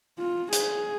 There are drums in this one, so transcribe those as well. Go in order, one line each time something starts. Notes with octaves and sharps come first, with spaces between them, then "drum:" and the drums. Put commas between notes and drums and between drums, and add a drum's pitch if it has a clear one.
F4
G#4, drum: hi-hat